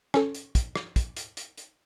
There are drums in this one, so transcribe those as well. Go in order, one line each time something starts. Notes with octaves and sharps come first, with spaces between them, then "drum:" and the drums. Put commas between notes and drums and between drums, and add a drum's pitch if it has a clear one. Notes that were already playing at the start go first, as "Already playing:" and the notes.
C#4 A4, drum: rim click
drum: hi-hat
drum: kick, hi-hat
drum: rim click
drum: kick, hi-hat
drum: hi-hat
drum: hi-hat
drum: hi-hat